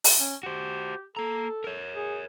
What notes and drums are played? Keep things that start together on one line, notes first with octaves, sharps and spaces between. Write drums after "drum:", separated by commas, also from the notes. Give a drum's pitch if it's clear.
drum: open hi-hat
C#4
F#4 G4 C5
A#3 A4 A#5
A#4 C#5
G#4